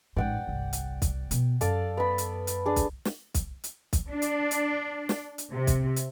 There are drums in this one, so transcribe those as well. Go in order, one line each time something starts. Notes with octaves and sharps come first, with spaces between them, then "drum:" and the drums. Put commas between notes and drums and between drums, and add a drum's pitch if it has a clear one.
A1 G#2 D5 F#5 G5
G1 C2
drum: hi-hat
drum: kick, hi-hat
B2 B3, drum: hi-hat
F#2 A4 D5 F5, drum: hi-hat
B3 B5
drum: hi-hat
drum: hi-hat
D4 G#4
drum: kick, hi-hat
drum: snare
drum: kick, hi-hat
drum: hi-hat
drum: kick, hi-hat
D4
drum: hi-hat
drum: hi-hat
drum: snare
drum: hi-hat
C3
drum: kick, hi-hat
drum: hi-hat